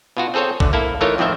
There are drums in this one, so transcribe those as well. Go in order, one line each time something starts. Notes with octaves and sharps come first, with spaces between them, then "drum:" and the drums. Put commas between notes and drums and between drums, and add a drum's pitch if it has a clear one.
B2 F4 F#4
C4 G#4 A4 C5 C#5
D2 D3, drum: kick A#1
A#3 E4 A4
E3 A3 D#4 F4 A#4 C#5
F2 A2 D#3 C4 C5 E5